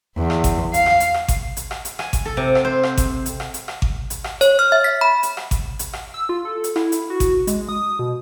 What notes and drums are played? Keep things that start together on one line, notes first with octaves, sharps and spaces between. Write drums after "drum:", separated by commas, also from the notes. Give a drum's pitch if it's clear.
E2
drum: rim click
drum: kick G#1, hi-hat
F5, drum: hi-hat
drum: rim click
drum: hi-hat
drum: rim click
drum: kick G#1, hi-hat
drum: hi-hat
drum: rim click
drum: hi-hat
G#5, drum: rim click
drum: kick G#1, hi-hat
A4
C3
drum: rim click
C5
drum: rim click
drum: kick G#1, hi-hat
drum: hi-hat
drum: rim click
drum: hi-hat
drum: rim click
drum: kick G#1
drum: hi-hat
drum: rim click
C#5, drum: hi-hat
F6
E5
B6
B5
drum: hi-hat
drum: rim click
drum: kick G#1, hi-hat
drum: hi-hat
drum: rim click
E6
F4
A4
drum: hi-hat
E4, drum: rim click
drum: hi-hat
F#4
drum: kick G#1, hi-hat
G#3, drum: hi-hat
D#6
B2